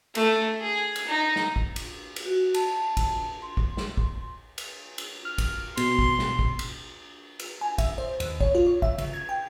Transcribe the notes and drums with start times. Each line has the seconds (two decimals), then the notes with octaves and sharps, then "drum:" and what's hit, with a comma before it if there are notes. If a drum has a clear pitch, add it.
0.15 A3, drum: cymbal
0.60 G#4
0.96 drum: cymbal
1.07 D#4
1.36 drum: snare
1.56 drum: kick
1.76 drum: cymbal
2.16 drum: cymbal
2.25 F#4
2.54 A5, drum: cymbal
2.97 drum: kick, cymbal
3.42 C6
3.57 drum: kick
3.77 drum: snare
3.97 drum: kick
4.58 drum: cymbal
4.98 drum: cymbal
5.25 F6
5.38 drum: kick, cymbal
5.77 B2 C6, drum: cymbal
5.99 drum: kick
6.19 drum: snare
6.39 drum: kick
6.59 drum: cymbal
7.40 drum: cymbal
7.61 G#5
7.78 E5, drum: kick, cymbal
7.98 C5
8.20 D#2, drum: cymbal
8.41 C#5, drum: kick
8.55 F4
8.67 C#5
8.82 E5, drum: kick
8.98 C#3, drum: cymbal
9.14 G#6
9.29 G5